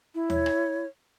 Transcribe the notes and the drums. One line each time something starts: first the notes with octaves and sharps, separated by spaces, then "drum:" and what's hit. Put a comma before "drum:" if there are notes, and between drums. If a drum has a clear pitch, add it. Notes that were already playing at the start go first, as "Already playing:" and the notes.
E4
C#5, drum: tom D#2
drum: rim click